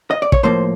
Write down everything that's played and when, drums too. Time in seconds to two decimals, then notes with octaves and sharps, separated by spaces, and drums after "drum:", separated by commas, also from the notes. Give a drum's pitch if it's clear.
0.11 D#5
0.22 D5
0.32 C#5, drum: kick
0.43 A2 F3 A#3 C5